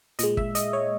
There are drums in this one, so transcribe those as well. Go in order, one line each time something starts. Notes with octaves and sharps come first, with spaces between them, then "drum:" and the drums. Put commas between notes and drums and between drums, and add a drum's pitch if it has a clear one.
A#2 G#3 D#5, drum: hi-hat
E5, drum: kick
D#5, drum: hi-hat
C#5